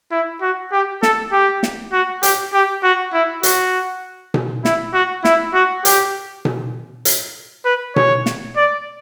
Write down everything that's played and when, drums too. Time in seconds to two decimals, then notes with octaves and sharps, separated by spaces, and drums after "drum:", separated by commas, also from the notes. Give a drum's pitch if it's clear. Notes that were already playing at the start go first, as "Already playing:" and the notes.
0.12 E4
0.42 F#4
0.72 G4
1.03 A4, drum: snare
1.33 G4
1.63 drum: snare
1.93 F#4
2.23 G4, drum: hi-hat
2.53 G4
2.83 F#4
3.13 E4
3.43 F#4, drum: hi-hat
4.34 drum: tom B2
4.65 E4, drum: snare
4.94 F#4
5.25 E4, drum: snare
5.54 F#4
5.85 G4, drum: hi-hat
6.45 drum: tom B2
7.05 drum: hi-hat
7.65 B4
7.96 C#5, drum: tom B2
8.26 drum: snare
8.56 D5